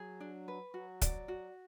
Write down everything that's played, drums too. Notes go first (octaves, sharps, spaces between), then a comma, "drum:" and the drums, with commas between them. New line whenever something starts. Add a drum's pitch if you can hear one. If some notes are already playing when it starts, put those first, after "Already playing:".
Already playing: F#3 G#4
D4
B4
F#3 F#4
D5, drum: kick, hi-hat
F#4